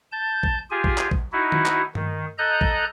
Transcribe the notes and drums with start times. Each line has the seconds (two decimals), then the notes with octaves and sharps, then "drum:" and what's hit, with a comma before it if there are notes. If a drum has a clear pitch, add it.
0.12 A5 G6
0.43 drum: kick
0.71 F4 G4 G#4 G#5
0.84 drum: kick
0.98 drum: clap
1.11 drum: kick
1.32 D#4 E4 F#4
1.52 drum: tom D#3
1.66 drum: clap
1.95 D#3, drum: tom G2
2.38 A4 D#5 A#5 F#6 G6
2.61 drum: kick